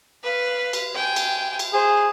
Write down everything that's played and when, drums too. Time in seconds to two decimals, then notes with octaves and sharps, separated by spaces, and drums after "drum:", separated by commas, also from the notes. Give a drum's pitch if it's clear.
0.23 B4 F5
0.73 drum: cymbal
0.95 G5 G#5
1.16 drum: cymbal
1.59 drum: cymbal
1.73 G#4 C5